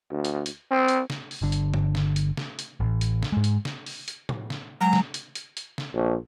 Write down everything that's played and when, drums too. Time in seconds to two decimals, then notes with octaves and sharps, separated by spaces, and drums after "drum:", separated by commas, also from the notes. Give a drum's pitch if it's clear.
0.11 D2
0.25 drum: hi-hat
0.46 drum: hi-hat
0.71 C4
0.88 drum: hi-hat
1.10 drum: snare
1.31 drum: open hi-hat
1.42 G1 D3
1.52 drum: hi-hat
1.74 drum: tom G2
1.95 drum: snare
2.16 drum: hi-hat
2.37 drum: snare
2.59 drum: hi-hat
2.80 A1
3.01 drum: hi-hat
3.23 drum: snare
3.32 G#2 G#3
3.44 drum: hi-hat
3.65 drum: snare
3.86 drum: open hi-hat
4.08 drum: hi-hat
4.29 drum: tom A2
4.50 drum: snare
4.81 F#3 G#3 A#5
4.93 drum: snare
5.14 drum: hi-hat
5.35 drum: hi-hat
5.57 drum: hi-hat
5.78 drum: snare
5.94 A#1